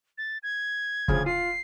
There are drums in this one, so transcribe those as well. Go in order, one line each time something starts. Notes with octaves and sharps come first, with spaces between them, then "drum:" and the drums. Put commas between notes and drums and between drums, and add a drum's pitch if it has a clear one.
A6
G#6
D2 C#3 F3, drum: kick
F4 C7